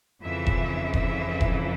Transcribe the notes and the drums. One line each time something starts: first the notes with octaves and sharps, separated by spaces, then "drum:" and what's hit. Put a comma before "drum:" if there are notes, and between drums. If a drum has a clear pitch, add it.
F2 C#3 E3 E5
drum: kick F1
E5, drum: kick F1
drum: kick F1